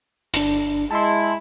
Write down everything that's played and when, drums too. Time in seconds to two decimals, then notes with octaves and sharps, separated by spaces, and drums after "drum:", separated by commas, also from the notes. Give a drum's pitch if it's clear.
0.34 G1 D4, drum: hi-hat
0.91 G#3 E4 A5 C6